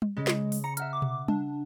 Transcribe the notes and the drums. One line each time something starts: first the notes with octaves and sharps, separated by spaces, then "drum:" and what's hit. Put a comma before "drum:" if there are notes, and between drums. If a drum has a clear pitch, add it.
drum: tom G3
C#3 G#3
drum: snare
drum: open hi-hat
A#5 C#7
E5 F#5 A#5 F6, drum: hi-hat
D6
drum: tom B2
D4, drum: tom G3